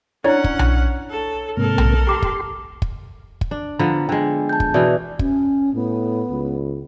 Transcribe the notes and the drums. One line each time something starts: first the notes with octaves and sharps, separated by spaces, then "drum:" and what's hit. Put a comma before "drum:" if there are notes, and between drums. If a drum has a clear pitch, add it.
C#4 D4 E4 C#5 D5 F#5 A#5
drum: kick
drum: tom B1
A4
G#2 C3 A#3 A4 A#4
drum: tom B1
G4 A#5 C6 D6
drum: kick
drum: kick
drum: kick
D4
D3 F3 B3 A#5
D3 G#3 G5
A5 G6
drum: kick
B2 E3 A3 B4 D5 E5
C#4, drum: kick
A2 B3
C#2